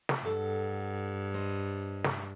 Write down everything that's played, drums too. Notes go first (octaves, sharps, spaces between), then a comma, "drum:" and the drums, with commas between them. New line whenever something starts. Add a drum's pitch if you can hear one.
drum: snare
G2 A4 F#5
C5 D#5
drum: snare